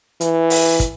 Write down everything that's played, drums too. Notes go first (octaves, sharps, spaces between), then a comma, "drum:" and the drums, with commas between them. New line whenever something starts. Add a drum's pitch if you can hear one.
E3, drum: hi-hat
drum: open hi-hat
drum: kick, hi-hat